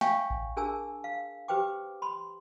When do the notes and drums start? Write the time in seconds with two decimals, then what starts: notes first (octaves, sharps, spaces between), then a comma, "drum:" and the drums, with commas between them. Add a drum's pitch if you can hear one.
0.01 C#5 E5 F5 G5 G#5 C#6, drum: snare
0.30 drum: kick A1
0.57 D4 G#4 A#4 G#5 A5 E6
1.04 F5
1.48 G4 B4 C5 G5 D6
2.02 B5 C6